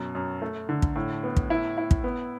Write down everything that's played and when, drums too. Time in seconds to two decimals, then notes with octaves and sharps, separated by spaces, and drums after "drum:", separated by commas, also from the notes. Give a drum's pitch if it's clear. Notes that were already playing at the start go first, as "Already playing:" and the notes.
Already playing: F#2 B2
0.15 F#2
0.42 A3
0.69 D3
0.82 drum: kick
0.96 A2
1.23 B3
1.36 drum: kick
1.50 E4
1.78 E4
1.91 drum: kick
2.04 B3